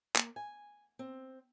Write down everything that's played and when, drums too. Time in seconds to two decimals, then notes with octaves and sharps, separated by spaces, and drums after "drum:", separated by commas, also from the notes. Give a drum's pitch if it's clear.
0.16 A#3, drum: clap
0.36 G#5
0.99 C4